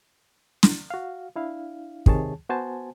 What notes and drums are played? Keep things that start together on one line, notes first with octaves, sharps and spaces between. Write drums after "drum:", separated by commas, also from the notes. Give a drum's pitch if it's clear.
drum: snare
F#4 F5
D4 E4 F5
C3 D#3 G#4 C#5 A5, drum: kick
B3 F#4 C5 G#5 A5